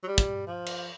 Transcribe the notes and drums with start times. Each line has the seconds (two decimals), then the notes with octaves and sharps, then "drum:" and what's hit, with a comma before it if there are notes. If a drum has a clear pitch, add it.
0.03 F#3
0.08 G3
0.18 drum: kick
0.47 F3
0.66 drum: cymbal